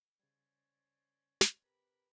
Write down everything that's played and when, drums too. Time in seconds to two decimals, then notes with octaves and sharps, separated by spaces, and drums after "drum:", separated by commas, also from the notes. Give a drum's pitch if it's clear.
0.19 C#3 G3 C#4 C5 D5 G#6
1.41 drum: snare
1.63 C3 G4 A#4 B4 B5